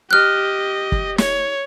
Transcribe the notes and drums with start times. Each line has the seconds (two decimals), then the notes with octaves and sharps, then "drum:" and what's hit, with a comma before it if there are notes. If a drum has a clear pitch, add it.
0.11 G4 D#5 F6 F#6
0.92 drum: kick
1.18 C#5, drum: snare